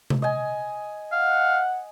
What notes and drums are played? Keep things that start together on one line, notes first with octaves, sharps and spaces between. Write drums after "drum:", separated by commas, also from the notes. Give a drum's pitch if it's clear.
drum: tom C3
D#5 G#5
F5 F#5